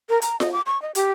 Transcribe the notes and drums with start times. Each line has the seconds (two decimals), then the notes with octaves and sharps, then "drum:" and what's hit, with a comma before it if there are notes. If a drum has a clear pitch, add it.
0.09 A#4
0.22 A#5, drum: hi-hat
0.40 D#5, drum: snare F4
0.52 D6
0.66 C#6
0.82 D#5
0.95 G4, drum: hi-hat